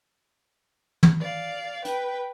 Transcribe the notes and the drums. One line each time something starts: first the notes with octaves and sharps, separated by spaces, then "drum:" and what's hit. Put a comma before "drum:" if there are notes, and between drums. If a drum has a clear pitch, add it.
drum: tom
D5 F5
B4 G5, drum: hi-hat